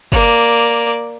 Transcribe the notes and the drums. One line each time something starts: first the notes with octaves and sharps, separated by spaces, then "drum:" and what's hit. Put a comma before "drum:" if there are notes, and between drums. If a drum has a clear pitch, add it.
A#3 D5, drum: kick F#1